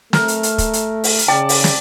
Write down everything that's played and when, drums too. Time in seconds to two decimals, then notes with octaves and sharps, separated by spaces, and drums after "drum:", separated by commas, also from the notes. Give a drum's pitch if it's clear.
0.13 A3 A#4, drum: snare
0.28 drum: hi-hat
0.43 drum: hi-hat
0.58 drum: kick, hi-hat
0.73 drum: hi-hat
1.04 drum: open hi-hat
1.19 drum: hi-hat
1.28 C#3 D5 G5 A5
1.49 drum: open hi-hat
1.64 drum: snare